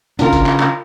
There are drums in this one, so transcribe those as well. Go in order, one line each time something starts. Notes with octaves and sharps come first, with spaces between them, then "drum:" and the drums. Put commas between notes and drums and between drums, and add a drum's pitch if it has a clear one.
C#3 D4 F4 A#4, drum: hi-hat
drum: kick F1, hi-hat
drum: clap
drum: clap